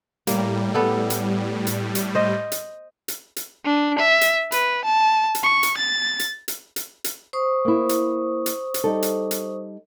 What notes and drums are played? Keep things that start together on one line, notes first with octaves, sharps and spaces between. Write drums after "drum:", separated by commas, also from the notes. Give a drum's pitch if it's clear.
A2 G3 A#3, drum: hi-hat
B3 A4
drum: hi-hat
drum: hi-hat
drum: hi-hat
C5 D#5
drum: hi-hat
drum: hi-hat
drum: hi-hat
D4
E5
drum: hi-hat
B4, drum: hi-hat
A5
drum: hi-hat
C#6
drum: hi-hat
A6
drum: hi-hat
drum: hi-hat
drum: hi-hat
drum: hi-hat
C5 C#6 D#6
A#3 E4
drum: hi-hat
drum: hi-hat
drum: hi-hat
G3 D#4 A4
drum: hi-hat
drum: hi-hat